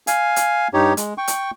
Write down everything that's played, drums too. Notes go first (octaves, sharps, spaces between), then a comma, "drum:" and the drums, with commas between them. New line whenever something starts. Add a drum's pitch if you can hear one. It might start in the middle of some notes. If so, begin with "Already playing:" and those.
F5 G#5, drum: hi-hat
drum: hi-hat
G2 D#4 G4 C#5
G#3, drum: hi-hat
G5 C#6
drum: hi-hat